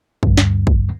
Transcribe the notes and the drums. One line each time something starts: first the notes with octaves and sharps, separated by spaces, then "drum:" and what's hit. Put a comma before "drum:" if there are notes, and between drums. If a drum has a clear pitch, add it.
D2 G2, drum: kick
drum: snare
drum: kick